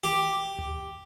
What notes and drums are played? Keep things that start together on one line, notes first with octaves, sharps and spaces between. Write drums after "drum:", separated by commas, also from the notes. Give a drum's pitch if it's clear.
G4
drum: tom D2